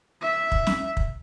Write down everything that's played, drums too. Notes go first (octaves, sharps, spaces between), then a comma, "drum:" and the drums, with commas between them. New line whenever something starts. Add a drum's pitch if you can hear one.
E5
drum: kick
drum: snare
drum: kick